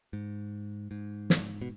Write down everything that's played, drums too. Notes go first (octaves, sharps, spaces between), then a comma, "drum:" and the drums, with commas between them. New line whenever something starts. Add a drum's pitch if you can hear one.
G#2
G#2
drum: snare
B2